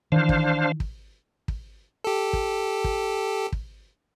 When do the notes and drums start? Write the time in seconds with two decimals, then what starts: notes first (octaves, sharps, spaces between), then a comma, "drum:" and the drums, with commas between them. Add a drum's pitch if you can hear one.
0.12 D#3 E3 D4 C5 F5
0.29 drum: kick
0.80 drum: kick
1.48 drum: kick
2.04 G4 A4
2.33 drum: kick
2.84 drum: kick
3.52 drum: kick